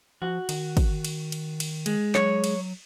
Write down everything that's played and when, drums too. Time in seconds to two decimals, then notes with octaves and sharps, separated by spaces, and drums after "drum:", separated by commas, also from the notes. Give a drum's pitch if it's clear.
0.22 F3 F#4
0.49 D#3, drum: cymbal
0.77 drum: kick, cymbal
1.05 drum: cymbal
1.32 drum: cymbal
1.60 drum: cymbal
1.86 G#3, drum: cymbal
2.15 F#3 C#5, drum: clap
2.44 drum: cymbal